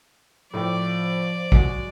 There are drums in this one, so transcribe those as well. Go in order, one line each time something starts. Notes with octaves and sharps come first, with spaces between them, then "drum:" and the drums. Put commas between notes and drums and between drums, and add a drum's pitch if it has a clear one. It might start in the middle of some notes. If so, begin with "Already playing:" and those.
A2 F3 D5 G5
F#3 G#3 F#4, drum: kick